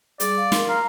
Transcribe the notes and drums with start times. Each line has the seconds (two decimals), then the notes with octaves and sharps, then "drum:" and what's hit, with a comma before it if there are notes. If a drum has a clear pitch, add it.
0.20 G3 G#4 D5, drum: hi-hat
0.37 F5
0.52 A#4 C6, drum: snare
0.68 F5 A#5